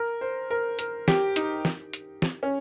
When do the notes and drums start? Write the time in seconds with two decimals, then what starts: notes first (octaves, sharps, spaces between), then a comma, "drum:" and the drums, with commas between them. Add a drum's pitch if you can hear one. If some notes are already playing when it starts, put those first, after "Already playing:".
Already playing: A#4
0.21 C5
0.51 A#4
0.79 A#4, drum: hi-hat
1.08 G4, drum: snare
1.36 D#4, drum: hi-hat
1.65 drum: snare
1.94 drum: hi-hat
2.22 drum: snare
2.43 C#4